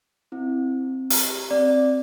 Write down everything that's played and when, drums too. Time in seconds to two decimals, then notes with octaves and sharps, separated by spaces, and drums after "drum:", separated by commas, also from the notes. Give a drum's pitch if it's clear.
0.32 C4 E4
0.71 C4
1.10 G4, drum: open hi-hat
1.51 C4 D5